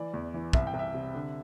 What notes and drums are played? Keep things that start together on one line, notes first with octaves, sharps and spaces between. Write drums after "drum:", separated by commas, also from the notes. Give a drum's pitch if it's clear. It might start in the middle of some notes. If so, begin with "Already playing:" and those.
Already playing: E3 D5
E2
E3
C2 E5, drum: kick
G5
C2
E5
C3
D3